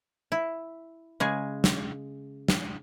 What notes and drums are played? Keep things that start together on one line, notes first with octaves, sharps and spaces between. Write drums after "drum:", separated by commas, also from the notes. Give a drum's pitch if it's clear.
E4
C#3 G#3 G#4
drum: snare
drum: snare